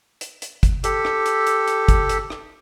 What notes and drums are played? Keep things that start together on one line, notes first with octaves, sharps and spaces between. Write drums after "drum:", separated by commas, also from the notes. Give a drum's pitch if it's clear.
drum: hi-hat
drum: hi-hat
drum: kick, hi-hat
G4 A4, drum: hi-hat
drum: rim click
drum: hi-hat
drum: hi-hat
drum: hi-hat
drum: kick, hi-hat
drum: hi-hat
drum: rim click